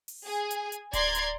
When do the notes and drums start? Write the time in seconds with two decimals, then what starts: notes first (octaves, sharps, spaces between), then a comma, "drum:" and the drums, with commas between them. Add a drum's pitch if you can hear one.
0.08 drum: open hi-hat
0.25 G#4 G#5
0.51 drum: hi-hat
0.72 drum: hi-hat
0.93 D5 A#5 C6 G#6, drum: kick D1, hi-hat
1.15 drum: hi-hat